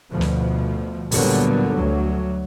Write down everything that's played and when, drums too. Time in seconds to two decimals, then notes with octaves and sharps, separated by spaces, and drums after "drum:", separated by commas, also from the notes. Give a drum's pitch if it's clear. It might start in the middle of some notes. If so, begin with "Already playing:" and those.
0.11 D2 B2 F3
0.21 drum: snare
1.11 A#2 D3 F#3 G3 B3, drum: open hi-hat
1.74 D2 F#3